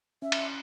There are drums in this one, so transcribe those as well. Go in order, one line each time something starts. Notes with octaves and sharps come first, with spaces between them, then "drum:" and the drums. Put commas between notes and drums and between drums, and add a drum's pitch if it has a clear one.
C#4 E5
drum: cymbal